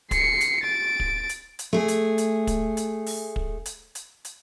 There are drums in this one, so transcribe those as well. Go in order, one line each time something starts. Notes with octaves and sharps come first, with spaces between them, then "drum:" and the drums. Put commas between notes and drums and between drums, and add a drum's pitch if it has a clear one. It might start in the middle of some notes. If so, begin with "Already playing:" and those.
C7 C#7, drum: kick, hi-hat
drum: hi-hat
A6 D7
drum: kick
drum: hi-hat
drum: hi-hat
A3 G#4
drum: hi-hat
drum: hi-hat
drum: kick, hi-hat
drum: hi-hat
drum: open hi-hat
drum: kick
drum: hi-hat
drum: hi-hat
drum: hi-hat